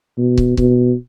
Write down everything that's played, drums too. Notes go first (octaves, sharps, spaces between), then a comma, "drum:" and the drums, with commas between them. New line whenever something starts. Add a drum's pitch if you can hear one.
B2
drum: kick
B2, drum: kick